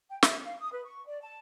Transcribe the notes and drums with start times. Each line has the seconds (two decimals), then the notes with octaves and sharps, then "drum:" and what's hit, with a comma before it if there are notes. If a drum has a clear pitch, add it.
0.10 G5
0.23 E5, drum: snare
0.45 F5
0.59 D#6
0.72 B4
0.85 C#6
1.06 D5
1.22 A5